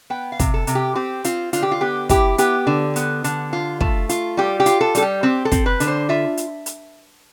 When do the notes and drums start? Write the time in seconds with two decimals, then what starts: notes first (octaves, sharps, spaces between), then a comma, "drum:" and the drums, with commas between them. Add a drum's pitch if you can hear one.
0.10 B3 G5
0.32 F5
0.40 C3, drum: kick, hi-hat
0.54 A4
0.67 C3, drum: hi-hat
0.75 G4
0.95 C4 G4
1.24 C4 F4, drum: hi-hat
1.53 D3 F4, drum: hi-hat
1.63 G4
1.71 F4
1.81 B3 G4
2.09 E4 G4, drum: kick, hi-hat
2.38 B3 G4, drum: hi-hat
2.67 D3
2.96 B3, drum: hi-hat
3.24 D3, drum: hi-hat
3.53 F4
3.81 A3, drum: kick
4.09 F4, drum: hi-hat
4.37 G3 G4
4.60 G4
4.66 F4, drum: hi-hat
4.81 A4
4.95 G3 A4, drum: hi-hat
5.02 G4
5.23 C4 G4
5.45 A4
5.52 C4, drum: kick, hi-hat
5.66 B4
5.80 D3, drum: hi-hat
5.88 C5
6.09 F4 E5
6.37 drum: hi-hat
6.66 drum: hi-hat